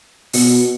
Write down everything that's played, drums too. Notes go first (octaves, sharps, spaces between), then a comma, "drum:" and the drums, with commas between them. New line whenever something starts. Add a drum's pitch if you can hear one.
B2, drum: open hi-hat